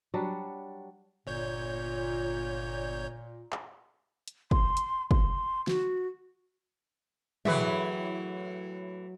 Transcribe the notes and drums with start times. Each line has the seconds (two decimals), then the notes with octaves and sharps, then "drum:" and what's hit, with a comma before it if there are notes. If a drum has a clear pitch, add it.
0.14 F#3 G3 D4 F#4
1.27 G1 A#2 C#5 G6
3.52 drum: clap
4.28 drum: hi-hat
4.51 C6, drum: kick
4.77 drum: hi-hat
5.11 C6, drum: kick
5.67 F#4, drum: snare
7.45 A2 E3 F#3 G#4 B4 E5, drum: tom